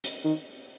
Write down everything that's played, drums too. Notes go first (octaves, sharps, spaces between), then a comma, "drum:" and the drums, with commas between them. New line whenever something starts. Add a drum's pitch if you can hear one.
drum: hi-hat
D#3